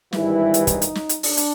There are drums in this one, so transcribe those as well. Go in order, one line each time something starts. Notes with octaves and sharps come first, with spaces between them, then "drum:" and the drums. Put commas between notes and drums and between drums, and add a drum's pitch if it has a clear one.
G#1 G2 E3 G3 E4, drum: snare
drum: hi-hat
D#4, drum: kick, hi-hat
drum: hi-hat
drum: snare
drum: hi-hat
D4, drum: open hi-hat
drum: hi-hat